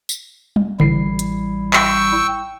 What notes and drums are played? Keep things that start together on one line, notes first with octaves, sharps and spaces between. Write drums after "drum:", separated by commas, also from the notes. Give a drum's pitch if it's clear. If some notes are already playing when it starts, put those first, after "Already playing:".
drum: tambourine
drum: tom G3
A1 G3 E4 C7, drum: tom C#3
drum: hi-hat
G5 C#6 E6, drum: clap